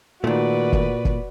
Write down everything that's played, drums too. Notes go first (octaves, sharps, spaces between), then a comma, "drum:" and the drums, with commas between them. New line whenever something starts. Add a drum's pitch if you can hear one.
A#2 D#3 A3 F#4 B4 D5
drum: kick
drum: kick